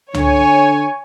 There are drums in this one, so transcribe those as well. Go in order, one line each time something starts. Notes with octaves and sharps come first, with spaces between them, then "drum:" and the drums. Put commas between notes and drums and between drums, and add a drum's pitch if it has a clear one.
D3 C#5 G#5, drum: tom